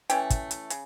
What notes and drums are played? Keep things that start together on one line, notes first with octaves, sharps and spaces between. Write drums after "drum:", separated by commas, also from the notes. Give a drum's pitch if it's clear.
E3 A3 C#4 G5, drum: hi-hat
drum: kick, hi-hat
drum: hi-hat
C#3, drum: hi-hat